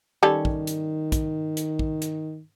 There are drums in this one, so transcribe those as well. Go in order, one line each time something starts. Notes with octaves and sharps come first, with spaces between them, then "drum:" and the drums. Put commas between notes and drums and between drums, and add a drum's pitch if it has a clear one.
D#3 G3 C#4 A4
drum: kick
drum: hi-hat
drum: kick, hi-hat
drum: hi-hat
drum: kick
drum: hi-hat